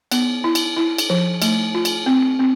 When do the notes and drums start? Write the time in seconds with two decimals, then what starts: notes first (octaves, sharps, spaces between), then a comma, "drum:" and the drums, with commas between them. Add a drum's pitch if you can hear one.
0.12 B3, drum: cymbal
0.44 E4
0.55 drum: cymbal
0.77 E4
0.98 drum: cymbal
1.10 F3
1.42 A3, drum: cymbal
1.75 F4
1.85 drum: cymbal
2.06 C4
2.39 C4